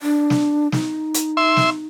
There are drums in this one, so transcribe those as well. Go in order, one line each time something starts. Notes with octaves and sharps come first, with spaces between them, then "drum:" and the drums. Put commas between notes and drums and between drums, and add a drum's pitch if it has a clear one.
D4
drum: snare
D#4, drum: snare
drum: hi-hat
E5 C6
drum: snare